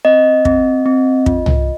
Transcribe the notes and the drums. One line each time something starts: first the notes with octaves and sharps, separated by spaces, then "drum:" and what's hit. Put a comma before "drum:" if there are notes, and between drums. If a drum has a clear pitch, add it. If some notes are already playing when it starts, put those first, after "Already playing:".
C4 D#5
C4, drum: kick
C4
F4, drum: kick
drum: tom C2